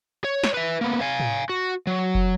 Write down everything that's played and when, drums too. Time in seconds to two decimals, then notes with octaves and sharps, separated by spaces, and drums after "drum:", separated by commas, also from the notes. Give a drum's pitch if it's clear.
0.24 C#5
0.43 drum: snare
0.54 B4 E5
0.81 A#3 B3
1.01 F5 G#5
1.20 drum: tom
1.49 F#4
1.87 F#3
2.15 drum: kick